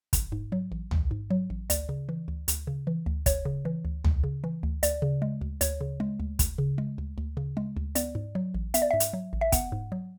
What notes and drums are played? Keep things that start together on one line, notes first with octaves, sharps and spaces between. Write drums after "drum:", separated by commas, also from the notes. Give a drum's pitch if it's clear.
A1, drum: kick, hi-hat
G#2
F#3
A1
A1, drum: tom
G#2
F#3
A1
D2 D5, drum: hi-hat
C#3
E3
D2
D2, drum: hi-hat
C#3
E3
D2
D2 C#5, drum: kick, hi-hat
C#3
E3
D2
D2, drum: tom
C#3
E3
D2
D2 D5, drum: hi-hat
C#3
G#3
D2
D2 C#5, drum: hi-hat
C#3
G#3
D2
D2, drum: kick, hi-hat
C#3
G#3
D2
D2
C#3
G#3
D2
B3 D5, drum: hi-hat
G#2
F#3
A1
B3 E5, drum: hi-hat
D5
G#2 E5
drum: hi-hat
F#3
A1
E5
B3 F#5, drum: kick, hi-hat
G#2
F#3